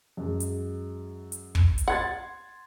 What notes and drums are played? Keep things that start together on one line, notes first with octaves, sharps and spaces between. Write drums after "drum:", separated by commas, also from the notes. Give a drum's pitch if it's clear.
F#2 G#3
drum: hi-hat
drum: hi-hat
drum: kick
drum: hi-hat
F#5 C6 G#6 A6